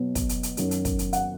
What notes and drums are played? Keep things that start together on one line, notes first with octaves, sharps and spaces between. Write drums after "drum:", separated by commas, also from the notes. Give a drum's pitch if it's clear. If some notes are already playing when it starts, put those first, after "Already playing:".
Already playing: B2 F#3 B3
drum: kick, hi-hat
drum: hi-hat
drum: hi-hat
F#2 D#3 F#3, drum: hi-hat
drum: hi-hat
drum: kick, hi-hat
drum: hi-hat
F#5, drum: hi-hat